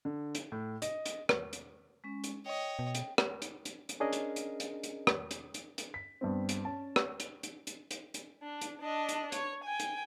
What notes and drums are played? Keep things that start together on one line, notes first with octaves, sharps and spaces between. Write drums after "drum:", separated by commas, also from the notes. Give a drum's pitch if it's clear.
D3
drum: hi-hat
A2
D#5, drum: hi-hat
drum: hi-hat
drum: rim click
drum: hi-hat
G#3 C#4
drum: hi-hat
C#5 D#5 G5
B2
drum: hi-hat
drum: rim click
drum: hi-hat
drum: hi-hat
drum: hi-hat
C#4 D4 G#4 A#4 D#5
drum: hi-hat
drum: hi-hat
drum: hi-hat
drum: hi-hat
drum: rim click
drum: hi-hat
drum: hi-hat
drum: hi-hat
B6
G2 B3 C4
drum: hi-hat
C#4 A5
drum: rim click
drum: hi-hat
drum: hi-hat
drum: hi-hat
drum: hi-hat
drum: hi-hat
D4
drum: hi-hat
D4 D#5
drum: hi-hat
C#5, drum: hi-hat
G5 G#5
drum: hi-hat